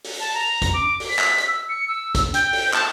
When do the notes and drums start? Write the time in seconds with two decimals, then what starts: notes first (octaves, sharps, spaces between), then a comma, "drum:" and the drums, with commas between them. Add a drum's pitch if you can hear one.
0.04 drum: open hi-hat
0.20 A5
0.34 A#5
0.62 drum: kick G#1, hi-hat
0.73 D6
1.00 drum: open hi-hat
1.09 B6
1.19 drum: clap
1.38 drum: hi-hat
1.48 E6
1.69 C#7
1.88 E6
2.15 drum: kick G#1, hi-hat
2.34 G5, drum: hi-hat
2.53 drum: open hi-hat
2.74 A5, drum: clap